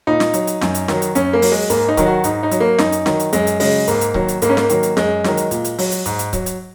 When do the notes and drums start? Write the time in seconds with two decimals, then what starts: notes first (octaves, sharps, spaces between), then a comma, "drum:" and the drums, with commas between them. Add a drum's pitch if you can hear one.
0.07 A#2 D#4
0.20 drum: snare
0.34 F#3, drum: hi-hat
0.47 drum: hi-hat
0.61 F#2, drum: snare
0.75 drum: hi-hat
0.88 D#3 F#3, drum: snare
1.02 drum: hi-hat
1.15 F#2 C#4, drum: hi-hat
1.33 A#3
1.42 F#3, drum: open hi-hat
1.52 G#3
1.70 G#2 A#3, drum: hi-hat
1.88 D#4
1.97 D#3 F#3, drum: kick C#1, hi-hat
2.07 F#4
2.24 G#2 D#4, drum: hi-hat
2.43 D#4
2.51 F#3, drum: hi-hat
2.60 A#3
2.78 F#2 D#4, drum: snare
2.92 drum: hi-hat
3.06 D#3 F#3, drum: snare
3.20 drum: hi-hat
3.33 F#2 G#3, drum: hi-hat
3.47 drum: hi-hat
3.60 C#3 F#3 G#3, drum: open hi-hat
3.88 G#2 A#3, drum: hi-hat
4.01 drum: hi-hat
4.14 D#3 F#3, drum: kick C#1
4.28 drum: hi-hat
4.42 G#2 A#3, drum: hi-hat
4.49 C#4
4.57 A#3, drum: snare
4.70 D#3 F#3, drum: hi-hat
4.83 drum: hi-hat
4.97 F#2 G#3, drum: snare
5.24 D#3 F#3, drum: snare
5.37 drum: hi-hat
5.51 A#2, drum: hi-hat
5.65 drum: hi-hat
5.79 F#3, drum: open hi-hat
5.92 drum: hi-hat
6.06 G#2, drum: hi-hat
6.19 drum: hi-hat
6.33 F#3, drum: kick C#1, hi-hat
6.46 drum: hi-hat